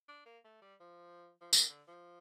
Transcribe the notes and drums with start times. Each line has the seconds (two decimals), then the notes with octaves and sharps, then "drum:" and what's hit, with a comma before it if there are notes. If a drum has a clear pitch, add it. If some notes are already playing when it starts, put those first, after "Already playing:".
0.08 D4
0.26 A#3
0.45 A3
0.62 G3
0.80 F3
1.41 F3
1.53 D#3, drum: tambourine
1.69 D3
1.88 F3